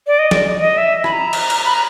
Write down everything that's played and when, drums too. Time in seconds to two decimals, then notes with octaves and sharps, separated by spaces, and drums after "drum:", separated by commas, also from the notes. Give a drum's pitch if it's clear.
0.07 D5
0.19 D#5
0.31 D5, drum: snare
0.60 D#5
0.77 E5
1.04 B5, drum: rim click
1.13 A#5
1.33 drum: cymbal
1.50 drum: cymbal
1.66 B5
1.74 A#5